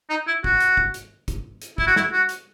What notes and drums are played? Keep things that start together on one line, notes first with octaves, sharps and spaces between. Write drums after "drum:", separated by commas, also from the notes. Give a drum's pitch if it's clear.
D#4
E4
F#4, drum: kick
drum: hi-hat
drum: kick
drum: hi-hat
drum: kick, hi-hat
drum: hi-hat
E4, drum: kick
F#4
E4, drum: snare
F#4
drum: hi-hat